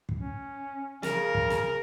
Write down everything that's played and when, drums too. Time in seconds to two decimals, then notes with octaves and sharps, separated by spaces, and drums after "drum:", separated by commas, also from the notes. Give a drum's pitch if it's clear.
0.09 drum: kick
0.18 C#4
1.03 C#3 A#4, drum: snare
1.35 drum: kick
1.50 drum: snare